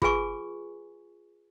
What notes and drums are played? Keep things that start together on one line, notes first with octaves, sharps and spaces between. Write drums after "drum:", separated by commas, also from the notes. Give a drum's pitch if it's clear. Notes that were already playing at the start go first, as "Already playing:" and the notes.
F4 G#4 B4 G#5 C#6, drum: kick